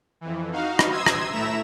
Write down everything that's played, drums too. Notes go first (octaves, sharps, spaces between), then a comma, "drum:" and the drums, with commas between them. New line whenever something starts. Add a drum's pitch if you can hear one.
F2 E3
D#4 F#4 F5
drum: rim click
C6 D#6 E6 G#6
drum: rim click
A2 A3 E4 E5 A#5 E7